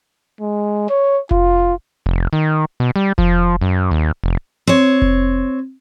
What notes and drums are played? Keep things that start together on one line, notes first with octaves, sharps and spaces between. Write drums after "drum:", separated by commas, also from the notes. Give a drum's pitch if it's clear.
G#3
C#5
F4, drum: kick F1
F1
D#3
B2
G3
F3, drum: kick F1
F#2
D#2
F1
C4 C#5
drum: kick F1